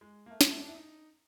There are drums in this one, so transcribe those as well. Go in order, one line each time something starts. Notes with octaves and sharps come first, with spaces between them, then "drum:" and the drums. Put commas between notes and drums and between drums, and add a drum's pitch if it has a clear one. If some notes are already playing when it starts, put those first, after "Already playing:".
G#3
A#3
A3
G#3, drum: snare
A3
D4
E4
D#4